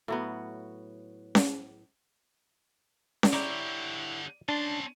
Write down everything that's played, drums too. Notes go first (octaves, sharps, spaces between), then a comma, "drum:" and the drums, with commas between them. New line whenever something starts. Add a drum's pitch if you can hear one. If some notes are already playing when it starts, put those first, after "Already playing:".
A2 F#3 B3
drum: snare C#4
drum: snare C#4
D3 E4 G4 C#5 D5 A#5
C#4 D4 A5 C6